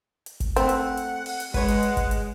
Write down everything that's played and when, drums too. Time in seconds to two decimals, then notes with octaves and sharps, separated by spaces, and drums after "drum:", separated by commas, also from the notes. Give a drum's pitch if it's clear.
0.26 drum: hi-hat
0.40 drum: kick G1, hi-hat
0.56 A3 C4 F#5, drum: hi-hat
0.69 drum: hi-hat
0.97 drum: hi-hat
1.26 drum: open hi-hat
1.40 drum: hi-hat
1.54 G#3 B4 C#5 F#5, drum: kick G1, open hi-hat
1.68 drum: hi-hat
1.83 drum: hi-hat
1.97 drum: kick G1, hi-hat
2.11 drum: hi-hat